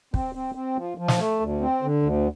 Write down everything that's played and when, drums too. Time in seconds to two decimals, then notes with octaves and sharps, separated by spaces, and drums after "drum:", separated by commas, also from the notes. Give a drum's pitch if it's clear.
0.14 C4, drum: kick
0.35 C4
0.55 C4
0.77 F3
0.98 F3
1.08 drum: snare
1.18 A3
1.40 D2
1.61 C4
1.82 D3
2.02 D2